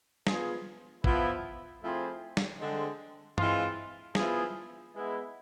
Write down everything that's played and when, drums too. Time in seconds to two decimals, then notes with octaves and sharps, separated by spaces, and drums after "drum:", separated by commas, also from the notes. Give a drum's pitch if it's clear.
0.27 F3 B3 F4 G#4, drum: snare
1.04 F3 B3 E4, drum: kick A1
1.82 F3 A3 C4 E4 G#4
2.37 drum: snare
2.60 D3 G#3 C4
3.38 E3 G#3 C4 F4, drum: tom
4.15 F3 B3 E4 G#4, drum: snare
4.94 G#3 B3 E4